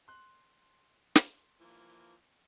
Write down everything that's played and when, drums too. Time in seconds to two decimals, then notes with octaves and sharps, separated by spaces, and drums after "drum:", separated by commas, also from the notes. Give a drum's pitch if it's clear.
0.08 C6 F#6
1.15 drum: snare
1.61 E3 F3 A#3